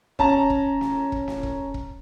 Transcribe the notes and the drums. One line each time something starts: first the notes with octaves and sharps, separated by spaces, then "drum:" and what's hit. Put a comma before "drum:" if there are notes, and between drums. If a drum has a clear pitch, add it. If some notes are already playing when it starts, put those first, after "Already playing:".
C#4 A5 A#5, drum: kick E1
drum: kick E1
drum: snare
drum: kick E1
drum: snare
drum: kick E1
drum: kick E1